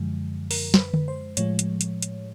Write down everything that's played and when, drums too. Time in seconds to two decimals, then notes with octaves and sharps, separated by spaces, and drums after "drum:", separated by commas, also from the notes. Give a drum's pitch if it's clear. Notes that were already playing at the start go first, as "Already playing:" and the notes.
Already playing: F#2 D3 F3 G#3
0.51 A#4, drum: open hi-hat
0.74 C5, drum: snare
0.78 B4
0.94 drum: tom D3
1.08 C5
1.37 A2 F3 G#3 C#5, drum: hi-hat
1.59 drum: hi-hat
1.81 drum: hi-hat
2.02 drum: hi-hat